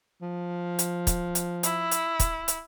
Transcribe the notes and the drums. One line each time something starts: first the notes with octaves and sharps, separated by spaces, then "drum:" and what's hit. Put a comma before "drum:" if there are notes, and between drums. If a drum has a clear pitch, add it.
F3
drum: hi-hat
drum: kick, hi-hat
drum: hi-hat
E4, drum: hi-hat
drum: hi-hat
drum: kick, hi-hat
drum: hi-hat